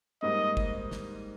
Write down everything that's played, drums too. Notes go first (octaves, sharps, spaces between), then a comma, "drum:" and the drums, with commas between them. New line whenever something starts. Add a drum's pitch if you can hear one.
G#2 G3 A#3 D#5
drum: kick
drum: snare